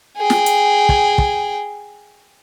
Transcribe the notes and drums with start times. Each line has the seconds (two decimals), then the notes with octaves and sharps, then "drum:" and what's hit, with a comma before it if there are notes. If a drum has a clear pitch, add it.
0.17 G#4 G5
0.30 drum: snare
0.46 drum: hi-hat
0.89 drum: kick
1.18 drum: kick